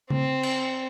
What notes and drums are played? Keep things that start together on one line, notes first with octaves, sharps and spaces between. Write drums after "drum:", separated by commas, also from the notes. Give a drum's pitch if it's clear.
C4, drum: tom C#3
drum: cymbal